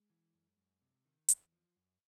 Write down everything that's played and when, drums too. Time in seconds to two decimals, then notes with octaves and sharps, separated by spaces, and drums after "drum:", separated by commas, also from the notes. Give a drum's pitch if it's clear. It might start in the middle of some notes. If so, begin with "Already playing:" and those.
Already playing: G#3
0.10 E3
0.34 F#2
0.57 F#2
0.82 C3
1.05 D#3
1.29 E2, drum: hi-hat
1.52 F3
1.76 F#2